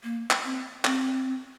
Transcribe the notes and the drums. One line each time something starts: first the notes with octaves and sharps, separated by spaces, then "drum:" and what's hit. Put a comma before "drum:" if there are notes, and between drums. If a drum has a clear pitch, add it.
A#3
drum: clap
C4
C4, drum: clap